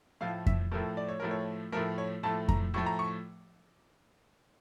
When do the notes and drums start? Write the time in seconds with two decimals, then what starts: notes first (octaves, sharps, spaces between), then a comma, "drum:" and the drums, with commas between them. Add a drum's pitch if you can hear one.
0.21 A2 F3 A3 F5
0.46 E5, drum: kick F2
0.71 A2 F3 A3 A#4
0.97 D5
1.08 C#5
1.20 A2 F3 A3 A#4
1.31 C#5
1.72 A2 F3 A3 A#4
1.98 C#5
2.23 A2 F3 A3 A5
2.48 A#5, drum: kick F2
2.74 A2 F3 A3 C#6
2.86 A#5
2.99 C#6